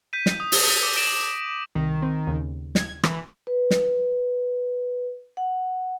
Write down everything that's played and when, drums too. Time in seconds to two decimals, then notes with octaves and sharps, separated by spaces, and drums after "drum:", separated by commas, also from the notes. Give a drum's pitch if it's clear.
0.13 G6 B6 D#7
0.26 drum: snare
0.40 D#6
0.52 drum: open hi-hat
0.83 D6
0.96 A#6 D7 E7 F#7
1.75 C2 D#3
2.02 C4
2.27 D#2 C#3
2.75 G#6, drum: snare
3.03 E3, drum: rim click
3.47 B4
3.71 drum: snare
5.37 F#5